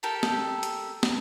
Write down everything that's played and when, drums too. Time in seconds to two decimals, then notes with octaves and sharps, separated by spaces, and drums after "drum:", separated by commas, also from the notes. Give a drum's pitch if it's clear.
0.03 G4 A4 A#4 A5
0.23 drum: snare
0.63 drum: hi-hat
1.03 drum: snare